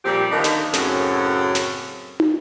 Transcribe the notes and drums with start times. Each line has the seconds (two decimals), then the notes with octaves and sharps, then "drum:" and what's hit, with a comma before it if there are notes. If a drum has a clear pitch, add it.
0.05 A#2 F3 G3 C4 G4
0.31 D3 D#3 A#3 B3 D#4
0.44 drum: snare
0.73 F#2 A2 C#3 F#3 C4 C#4, drum: snare
1.55 drum: snare
2.20 drum: tom